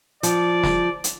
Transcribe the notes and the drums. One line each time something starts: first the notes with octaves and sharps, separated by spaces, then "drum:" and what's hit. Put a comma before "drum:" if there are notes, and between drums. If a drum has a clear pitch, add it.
F3 D5, drum: hi-hat
drum: snare
drum: hi-hat